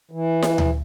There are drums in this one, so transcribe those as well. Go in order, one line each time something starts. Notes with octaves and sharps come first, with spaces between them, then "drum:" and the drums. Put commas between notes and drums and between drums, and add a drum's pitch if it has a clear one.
E3
drum: snare E4
drum: tom D2